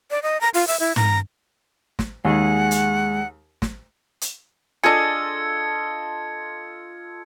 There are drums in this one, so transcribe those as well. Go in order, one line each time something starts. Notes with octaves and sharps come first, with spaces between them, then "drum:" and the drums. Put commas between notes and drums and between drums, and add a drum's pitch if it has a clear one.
D5
D#5
A#5
F4, drum: open hi-hat
E5, drum: open hi-hat
E4
A#5, drum: tom
drum: snare
D#2 G#3 G#4 F#5
drum: hi-hat
drum: snare
drum: hi-hat
D4 F4 G#4 A4 D#5 G#6 C#7